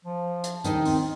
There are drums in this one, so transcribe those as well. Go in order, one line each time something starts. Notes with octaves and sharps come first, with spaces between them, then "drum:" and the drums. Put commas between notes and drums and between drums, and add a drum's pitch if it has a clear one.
F3
drum: hi-hat
D#2 D#3 D#4, drum: hi-hat
C4, drum: open hi-hat